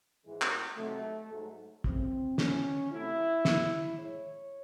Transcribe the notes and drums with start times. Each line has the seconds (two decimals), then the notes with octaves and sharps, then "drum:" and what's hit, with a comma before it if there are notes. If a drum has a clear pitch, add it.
0.24 G#2 E3 G#3
0.42 drum: clap
0.77 C3 D#3 F#3 A3
1.31 G#2 F#3 A3
1.84 F#2 C#3 E3 A3 C4, drum: kick
2.38 E2 D#3 F#3 A3 C#4, drum: snare
2.91 C3 F#3 A3 E4
3.45 A2 G#3, drum: snare
3.99 A2 G#3 C#5